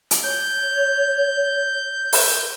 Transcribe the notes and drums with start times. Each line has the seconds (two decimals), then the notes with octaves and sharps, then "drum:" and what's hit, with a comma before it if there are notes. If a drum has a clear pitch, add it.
0.11 drum: hi-hat
0.24 C#5 G6
2.13 drum: open hi-hat